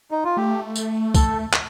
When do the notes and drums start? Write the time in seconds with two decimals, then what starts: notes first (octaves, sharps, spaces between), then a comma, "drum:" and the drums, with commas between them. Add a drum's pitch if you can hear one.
0.11 D#4
0.24 F4
0.37 A3 G4
0.76 drum: tambourine
1.15 A4, drum: kick C2, tambourine
1.53 drum: clap